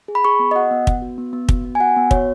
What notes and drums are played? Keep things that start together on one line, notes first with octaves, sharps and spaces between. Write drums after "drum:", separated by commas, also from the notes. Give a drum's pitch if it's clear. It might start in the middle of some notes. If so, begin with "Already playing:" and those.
G#4
B5
G#4 C#6
B3
D#5
F#4 F#5
B3
B3, drum: kick
F#4
B3
B3
F#4, drum: kick
B3
G#5
F#4 F#5
B3
F#4 C#5, drum: kick